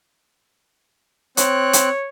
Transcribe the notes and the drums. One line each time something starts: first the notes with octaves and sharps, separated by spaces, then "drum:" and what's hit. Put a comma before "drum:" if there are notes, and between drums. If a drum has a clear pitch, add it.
C4 C#5 F#6, drum: hi-hat
drum: hi-hat